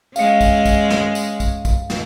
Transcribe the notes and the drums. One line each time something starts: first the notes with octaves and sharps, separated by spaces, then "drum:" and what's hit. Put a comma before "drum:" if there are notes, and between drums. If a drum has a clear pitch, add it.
G#3 C#4 F5 C#7, drum: tambourine
drum: kick, tambourine
drum: kick, tambourine
drum: snare
drum: tambourine
drum: kick, tambourine
drum: kick, tambourine
drum: snare